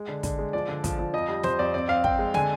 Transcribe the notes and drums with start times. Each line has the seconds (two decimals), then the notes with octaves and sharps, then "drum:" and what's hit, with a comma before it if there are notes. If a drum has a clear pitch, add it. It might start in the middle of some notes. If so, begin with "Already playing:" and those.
Already playing: G#3
0.09 D3
0.23 D3, drum: kick, hi-hat
0.39 G#3
0.53 F3 D5
0.69 D3
0.84 F3, drum: kick, hi-hat
0.99 F3
1.14 F2 D#5
1.28 G3
1.43 F2 C5, drum: snare
1.59 F2 D5
1.74 C4 D5
1.88 C4 F5
2.04 C4 G5, drum: kick
2.19 G#3
2.34 D3 G#5, drum: snare